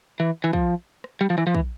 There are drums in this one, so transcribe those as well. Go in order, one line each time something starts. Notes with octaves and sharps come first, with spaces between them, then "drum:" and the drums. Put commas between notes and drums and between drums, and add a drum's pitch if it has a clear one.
E3
E3
F3, drum: kick
drum: rim click
G3
F3
E3, drum: rim click
F3
E3, drum: kick